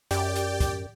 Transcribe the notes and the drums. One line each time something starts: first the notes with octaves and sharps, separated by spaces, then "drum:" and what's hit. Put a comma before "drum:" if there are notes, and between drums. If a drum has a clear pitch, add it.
F#2 G4 D5 G5, drum: hi-hat
drum: hi-hat
drum: kick, hi-hat